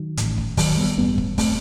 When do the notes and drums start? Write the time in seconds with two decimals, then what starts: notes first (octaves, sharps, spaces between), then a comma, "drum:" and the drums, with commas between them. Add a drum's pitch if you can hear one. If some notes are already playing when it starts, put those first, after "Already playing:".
Already playing: D#3 F#3
0.17 A1 A2, drum: hi-hat
0.38 drum: kick
0.57 D#3 F#3, drum: kick, open hi-hat
0.77 G3 B3
0.98 A1 G2 G3 B3
1.18 drum: kick
1.38 A3 C4, drum: kick, open hi-hat